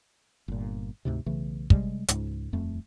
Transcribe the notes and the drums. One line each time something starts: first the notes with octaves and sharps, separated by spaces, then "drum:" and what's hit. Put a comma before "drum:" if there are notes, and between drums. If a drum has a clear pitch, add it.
G1 A#2
D2 G#2 C3
B1 C#3 E3 A3
C3 G3 G#3, drum: kick
C#2 G#2, drum: hi-hat
D#1 F2 A3